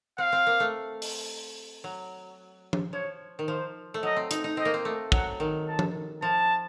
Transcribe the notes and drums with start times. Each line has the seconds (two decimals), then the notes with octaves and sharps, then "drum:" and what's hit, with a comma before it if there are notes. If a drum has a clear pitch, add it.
0.18 C4 F5
0.32 C4
0.47 A#3
0.60 A3
1.02 drum: open hi-hat
1.84 F#3
2.73 drum: tom F3
2.93 F3 C#5
3.39 D#3
3.48 F3 C5
3.94 A3
4.03 F#3 D#5
4.16 C4
4.31 D#4, drum: hi-hat
4.44 D#4
4.57 C4 D#5
4.65 A#3
4.74 C4
4.85 A3
5.12 F#3 F#5, drum: kick
5.40 D#3
5.68 A5
5.79 drum: tom F3
6.22 F3 A5